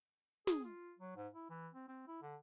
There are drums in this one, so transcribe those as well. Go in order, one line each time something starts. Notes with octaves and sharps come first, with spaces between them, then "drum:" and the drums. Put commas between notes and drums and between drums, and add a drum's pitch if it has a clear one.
G#4, drum: snare
F4
F#3
G#2
E4
E3
C4
C4
E4
D3